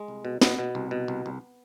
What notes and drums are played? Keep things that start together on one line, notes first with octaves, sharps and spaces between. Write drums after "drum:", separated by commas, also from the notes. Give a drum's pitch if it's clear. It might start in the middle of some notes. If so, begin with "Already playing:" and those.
Already playing: G#3
C2
B2
B2 B3, drum: snare
B2
C2
B2
C2
C2